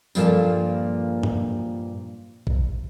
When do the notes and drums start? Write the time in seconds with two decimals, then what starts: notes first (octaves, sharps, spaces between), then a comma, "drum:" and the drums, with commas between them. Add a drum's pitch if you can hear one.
0.15 G2 A#2 F3 A#3 A4 A5, drum: tambourine
1.23 drum: tom G2
2.47 drum: kick A1